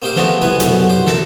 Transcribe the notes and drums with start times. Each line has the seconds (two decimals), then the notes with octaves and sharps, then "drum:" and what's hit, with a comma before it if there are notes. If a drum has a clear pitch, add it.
0.02 A#3 C4 D#4 G4 C5 F5
0.16 F3 G#3 A3 B3 C4 D4, drum: snare
0.42 C2 C3 B3 E4 B4 G#5
0.60 B1 F#2 B2 D3 C#4, drum: hi-hat
0.89 G4 C5
1.07 A4 A#4 E5 A5, drum: snare